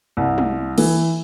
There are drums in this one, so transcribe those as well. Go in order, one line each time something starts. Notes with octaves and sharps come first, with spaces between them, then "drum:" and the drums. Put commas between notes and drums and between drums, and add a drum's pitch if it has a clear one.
C2
drum: tom
E3, drum: cymbal